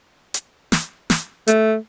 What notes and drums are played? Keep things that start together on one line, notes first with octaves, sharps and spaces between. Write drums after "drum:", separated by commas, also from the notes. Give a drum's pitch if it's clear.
drum: hi-hat
drum: snare
drum: snare
A3, drum: hi-hat